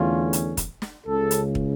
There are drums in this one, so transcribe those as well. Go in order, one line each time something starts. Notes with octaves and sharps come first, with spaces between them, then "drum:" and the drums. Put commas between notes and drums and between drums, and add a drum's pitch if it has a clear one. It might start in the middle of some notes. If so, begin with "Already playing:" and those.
Already playing: E2 D3 A3 C#4 F4
drum: hi-hat
drum: kick, hi-hat
drum: snare
C#2 C#3 A4
drum: hi-hat
drum: kick